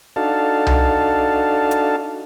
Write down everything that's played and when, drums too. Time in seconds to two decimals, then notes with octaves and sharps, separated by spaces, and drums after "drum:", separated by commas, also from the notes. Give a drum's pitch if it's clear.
0.16 D4 D#4 F#4 A4 F5 A5
0.66 drum: tom C2
1.71 drum: hi-hat